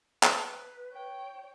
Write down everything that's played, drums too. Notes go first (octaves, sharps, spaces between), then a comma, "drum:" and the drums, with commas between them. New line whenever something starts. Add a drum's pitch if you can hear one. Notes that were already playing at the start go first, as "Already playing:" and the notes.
B4, drum: clap
C#5 G5